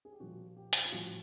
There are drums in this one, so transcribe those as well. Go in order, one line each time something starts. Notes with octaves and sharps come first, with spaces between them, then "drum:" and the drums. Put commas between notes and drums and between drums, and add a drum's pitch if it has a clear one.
G#4
G4
A#2 F3 F#4
G4
drum: hi-hat
F4
A2 F3 F#4